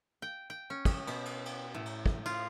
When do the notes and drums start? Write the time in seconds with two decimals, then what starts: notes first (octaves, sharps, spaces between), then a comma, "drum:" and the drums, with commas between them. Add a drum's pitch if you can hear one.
0.22 G5
0.50 G5
0.70 C#4
0.85 drum: kick, cymbal
1.07 B2, drum: cymbal
1.25 drum: cymbal
1.46 drum: cymbal
1.74 A2
1.86 drum: cymbal
2.06 drum: kick
2.26 F4, drum: cymbal